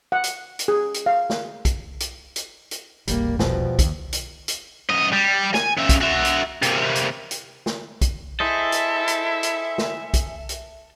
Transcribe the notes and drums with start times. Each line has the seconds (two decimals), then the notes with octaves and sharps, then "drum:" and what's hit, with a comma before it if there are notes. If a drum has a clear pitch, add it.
0.12 F#5
0.24 drum: hi-hat
0.59 drum: hi-hat
0.68 G#4
0.94 drum: hi-hat
1.06 F5
1.30 drum: snare
1.65 drum: kick B1, hi-hat
2.00 drum: hi-hat
2.36 drum: hi-hat
2.71 drum: hi-hat
3.08 E1 A#1 G3 A#3, drum: hi-hat
3.39 E2 B2 F3 G3, drum: snare
3.79 D#2, drum: kick B1, hi-hat
4.13 drum: hi-hat
4.48 drum: hi-hat
4.89 F#2 D#5
5.13 G3
5.54 G#5, drum: snare
5.77 C#3 E5
5.89 drum: kick B1, hi-hat
6.01 F#4 E5
6.25 drum: hi-hat
6.63 C3 A#3, drum: hi-hat
6.95 drum: hi-hat
7.31 drum: hi-hat
7.66 drum: snare
8.01 drum: kick B1, hi-hat
8.40 E4 G#4 A4 C5 D#5 E5
8.72 drum: hi-hat
9.08 drum: hi-hat
9.43 drum: hi-hat
9.78 drum: snare
10.14 drum: kick B1, hi-hat
10.49 drum: hi-hat